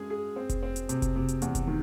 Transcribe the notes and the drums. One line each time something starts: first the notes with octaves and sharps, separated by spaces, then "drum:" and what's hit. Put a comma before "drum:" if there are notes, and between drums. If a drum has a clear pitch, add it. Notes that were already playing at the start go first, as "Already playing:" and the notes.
Already playing: G#3 C#4 G#4
G#4
C4
drum: kick F1, hi-hat
C4
drum: hi-hat
C3, drum: hi-hat
drum: kick F1, hi-hat
C3
drum: hi-hat
E2, drum: hi-hat
drum: kick F1, hi-hat
D#3